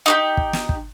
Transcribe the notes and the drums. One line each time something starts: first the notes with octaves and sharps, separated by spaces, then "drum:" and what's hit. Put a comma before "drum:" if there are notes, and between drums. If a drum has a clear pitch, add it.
D#4 F#4 G4
drum: kick
drum: snare
drum: kick